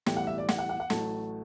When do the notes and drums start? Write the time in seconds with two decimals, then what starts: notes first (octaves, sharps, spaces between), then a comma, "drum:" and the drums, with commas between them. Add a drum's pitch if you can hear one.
0.06 B1 A2 E3 G3 G5, drum: snare
0.17 F#5
0.27 E5
0.38 D5
0.49 F#5, drum: snare
0.59 F#5
0.69 F#5
0.80 F#5
0.90 A1 A2 F#3 A3 A5, drum: snare